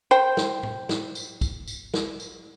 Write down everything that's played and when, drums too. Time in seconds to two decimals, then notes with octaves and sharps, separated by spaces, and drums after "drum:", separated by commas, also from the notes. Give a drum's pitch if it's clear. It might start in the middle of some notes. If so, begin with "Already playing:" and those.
0.11 C5 G5
0.37 drum: snare
0.63 drum: tom A2
0.89 drum: snare
1.15 drum: tambourine
1.41 drum: kick, tambourine
1.67 drum: tambourine
1.94 drum: snare
2.20 drum: tambourine